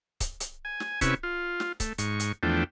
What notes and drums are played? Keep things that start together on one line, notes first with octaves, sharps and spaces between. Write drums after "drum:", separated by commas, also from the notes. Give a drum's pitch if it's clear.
drum: kick C#1, hi-hat
drum: hi-hat
G#5
drum: snare
C3 C#4 E4 B4 C#6, drum: kick C#1, hi-hat
F4
drum: snare
A3, drum: kick C#1, hi-hat
G#2 C#6, drum: hi-hat
drum: hi-hat
E2 F3 A3 D4 G5